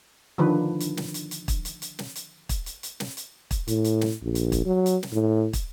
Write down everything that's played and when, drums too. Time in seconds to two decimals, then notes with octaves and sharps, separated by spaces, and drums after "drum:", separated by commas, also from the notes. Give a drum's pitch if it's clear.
0.38 D3 D#3 F3 D4 B4
0.80 drum: hi-hat
0.97 drum: snare
1.14 drum: hi-hat
1.31 drum: hi-hat
1.48 drum: kick, hi-hat
1.65 drum: hi-hat
1.82 drum: hi-hat
1.99 drum: snare
2.16 drum: hi-hat
2.49 drum: kick, hi-hat
2.66 drum: hi-hat
2.83 drum: hi-hat
3.00 drum: snare
3.17 drum: hi-hat
3.51 drum: kick, hi-hat
3.68 A2, drum: hi-hat
3.84 drum: hi-hat
4.01 drum: snare
4.23 A#1
4.35 drum: hi-hat
4.52 drum: kick, hi-hat
4.66 F#3
4.86 drum: hi-hat
5.03 drum: snare
5.12 A2
5.53 drum: kick, hi-hat